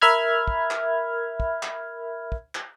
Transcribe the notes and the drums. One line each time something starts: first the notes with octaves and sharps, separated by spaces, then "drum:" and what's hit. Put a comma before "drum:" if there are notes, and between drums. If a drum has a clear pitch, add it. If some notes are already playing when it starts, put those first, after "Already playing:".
A#4 E5 B5 F6 G#6
drum: kick
drum: clap
drum: kick
drum: clap
drum: kick
drum: clap